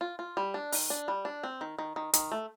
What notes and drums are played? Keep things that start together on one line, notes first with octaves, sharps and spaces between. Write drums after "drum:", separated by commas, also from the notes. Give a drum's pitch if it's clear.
F4
F4
G3
D4
D#3, drum: open hi-hat
D4
G3
D4
C4
D#3
D#3
D#3
D#3, drum: hi-hat
A3